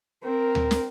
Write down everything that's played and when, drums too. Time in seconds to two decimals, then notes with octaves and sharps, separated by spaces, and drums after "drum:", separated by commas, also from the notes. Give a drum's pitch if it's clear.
0.24 C4 A#4
0.55 drum: tom D2
0.71 drum: snare